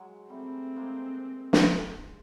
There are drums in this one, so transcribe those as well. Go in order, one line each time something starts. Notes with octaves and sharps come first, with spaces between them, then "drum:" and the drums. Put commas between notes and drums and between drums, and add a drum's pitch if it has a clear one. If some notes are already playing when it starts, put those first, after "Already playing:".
Already playing: F#3 G#3
G3 A3 C4
G#3 A#3
drum: snare